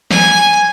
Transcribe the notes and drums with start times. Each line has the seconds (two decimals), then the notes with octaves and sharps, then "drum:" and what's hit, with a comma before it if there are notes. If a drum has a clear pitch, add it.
0.11 G#5, drum: snare